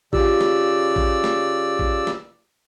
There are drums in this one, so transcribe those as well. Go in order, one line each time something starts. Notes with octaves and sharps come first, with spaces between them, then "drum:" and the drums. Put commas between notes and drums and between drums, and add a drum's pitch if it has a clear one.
C#3 F4 G4 D5 E6, drum: kick A1
drum: snare
drum: kick A1
drum: snare
drum: kick A1
drum: snare